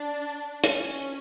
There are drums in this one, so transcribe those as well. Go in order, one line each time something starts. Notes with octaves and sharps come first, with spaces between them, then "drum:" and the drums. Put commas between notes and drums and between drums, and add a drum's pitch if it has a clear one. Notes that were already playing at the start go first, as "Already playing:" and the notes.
Already playing: D4
C#4, drum: hi-hat